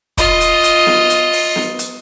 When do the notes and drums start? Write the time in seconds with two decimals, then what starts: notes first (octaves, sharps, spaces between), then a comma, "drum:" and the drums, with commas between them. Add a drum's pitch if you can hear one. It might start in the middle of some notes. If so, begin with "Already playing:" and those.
0.17 F4 D#5, drum: kick, hi-hat
0.41 drum: hi-hat
0.64 drum: hi-hat
0.87 drum: snare B3
1.10 drum: hi-hat
1.33 drum: open hi-hat
1.56 drum: snare B3
1.79 drum: hi-hat